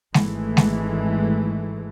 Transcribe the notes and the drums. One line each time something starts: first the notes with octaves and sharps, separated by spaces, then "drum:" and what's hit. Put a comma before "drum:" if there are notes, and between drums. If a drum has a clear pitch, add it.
G#1 E3 G#3 A3, drum: snare G#3
drum: snare G#3